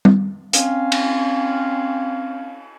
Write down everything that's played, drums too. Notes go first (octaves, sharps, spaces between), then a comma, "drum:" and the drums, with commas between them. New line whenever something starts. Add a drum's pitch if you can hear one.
drum: tom G3
C4 C#4 F5, drum: hi-hat
drum: cymbal